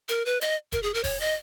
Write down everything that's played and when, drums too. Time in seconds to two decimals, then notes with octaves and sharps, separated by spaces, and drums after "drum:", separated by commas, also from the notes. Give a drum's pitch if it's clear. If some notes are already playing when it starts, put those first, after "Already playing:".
0.09 A#4, drum: hi-hat
0.26 B4
0.41 D#5, drum: hi-hat
0.72 A#4, drum: kick F1, hi-hat
0.83 G#4
0.94 A#4
1.04 C#5, drum: kick F1, open hi-hat
1.20 D#5